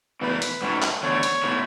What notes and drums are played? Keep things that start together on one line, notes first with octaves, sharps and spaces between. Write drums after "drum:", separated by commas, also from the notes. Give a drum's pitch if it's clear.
E2 B2 A3 E4 B4
drum: hi-hat
G#2 F#3 A3 C#4 F#4
drum: clap
E2 D3 A3 D4 C#5
drum: hi-hat
B2 A3 E4